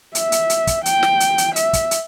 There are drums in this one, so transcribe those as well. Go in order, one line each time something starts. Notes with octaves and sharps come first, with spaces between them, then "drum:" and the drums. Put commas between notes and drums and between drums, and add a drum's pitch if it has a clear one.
E5, drum: hi-hat
drum: hi-hat
drum: hi-hat
drum: kick, hi-hat
G5, drum: hi-hat
drum: snare
drum: hi-hat
drum: hi-hat
E5, drum: hi-hat
drum: kick, hi-hat
drum: hi-hat